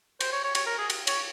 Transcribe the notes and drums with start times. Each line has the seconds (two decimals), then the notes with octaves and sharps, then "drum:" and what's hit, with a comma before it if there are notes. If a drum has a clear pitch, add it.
0.21 C5, drum: cymbal
0.32 C#5
0.44 C#5
0.55 C#5, drum: cymbal
0.66 A#4
0.78 G#4
0.90 drum: cymbal
1.07 C#5, drum: cymbal